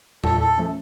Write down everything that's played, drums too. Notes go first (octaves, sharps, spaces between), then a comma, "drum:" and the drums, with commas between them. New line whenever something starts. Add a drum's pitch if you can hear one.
A#2 A4, drum: tom E2
A4
F3 A3 C#4